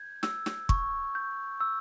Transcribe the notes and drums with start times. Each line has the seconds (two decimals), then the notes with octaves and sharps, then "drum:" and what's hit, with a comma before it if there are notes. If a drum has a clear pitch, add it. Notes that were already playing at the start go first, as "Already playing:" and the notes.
Already playing: G6 G#6
0.23 E6, drum: snare
0.46 drum: snare
0.69 C#6, drum: kick
1.15 G6
1.61 E6